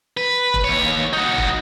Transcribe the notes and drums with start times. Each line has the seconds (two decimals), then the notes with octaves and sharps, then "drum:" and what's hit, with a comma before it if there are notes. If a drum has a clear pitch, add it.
0.17 B4
0.54 drum: kick E1
0.64 D#2 C#5
1.13 D#4 F#4
1.38 drum: kick E1